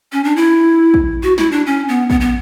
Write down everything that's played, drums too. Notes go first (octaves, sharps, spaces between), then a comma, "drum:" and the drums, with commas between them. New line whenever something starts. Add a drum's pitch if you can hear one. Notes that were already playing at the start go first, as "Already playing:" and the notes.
C#4
D4
E4
drum: kick
F#4
E4, drum: snare
D4
C#4
B3
B3, drum: kick
B3